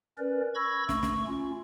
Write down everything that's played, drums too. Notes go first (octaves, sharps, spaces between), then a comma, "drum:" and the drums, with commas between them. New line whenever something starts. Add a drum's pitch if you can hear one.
C#4 A#4 B4 D5
B5 C#6 E6 G#6 A#6
A3 C#6, drum: snare
drum: snare
C#4 F4